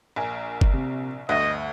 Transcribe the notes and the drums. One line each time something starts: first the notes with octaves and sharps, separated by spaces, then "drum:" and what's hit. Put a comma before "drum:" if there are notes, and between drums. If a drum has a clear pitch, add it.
A#1 A#4 G#5
drum: kick
C3
G1 D2 D#5 F#6